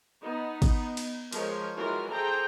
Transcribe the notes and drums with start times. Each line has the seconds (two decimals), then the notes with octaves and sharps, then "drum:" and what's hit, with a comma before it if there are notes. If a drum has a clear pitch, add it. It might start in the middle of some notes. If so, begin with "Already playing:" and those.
0.21 B3 D#4
0.62 drum: kick, cymbal
0.97 drum: cymbal
1.32 F3 G#3 A#4 C#5, drum: cymbal
1.76 E3 F#3 G#3 F4 F#4 A#4
2.11 G#4 A4 C5 G5 A#5